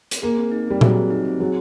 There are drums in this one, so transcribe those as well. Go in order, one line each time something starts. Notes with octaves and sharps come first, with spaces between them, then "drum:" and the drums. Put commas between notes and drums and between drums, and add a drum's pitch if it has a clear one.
drum: hi-hat
A#3 G#4
C4
D#4
G3 C4
F#3 G#4, drum: tom
C4
D#4
C4
F#3 G#4